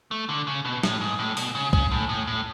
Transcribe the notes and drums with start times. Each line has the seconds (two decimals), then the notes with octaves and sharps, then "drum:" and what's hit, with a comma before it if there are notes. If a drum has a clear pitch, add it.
0.11 A3
0.29 D3
0.47 C#3
0.65 B2
0.83 A2, drum: snare
1.01 G#2
1.19 A2
1.37 B2, drum: open hi-hat
1.55 C#3
1.73 C#3, drum: kick
1.91 A2
2.09 A2
2.27 A2